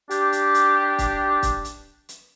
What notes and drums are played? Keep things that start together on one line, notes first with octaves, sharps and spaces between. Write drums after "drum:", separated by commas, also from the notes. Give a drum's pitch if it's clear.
D4 G4, drum: hi-hat
drum: hi-hat
drum: hi-hat
drum: kick, hi-hat
drum: kick, hi-hat
drum: hi-hat
drum: hi-hat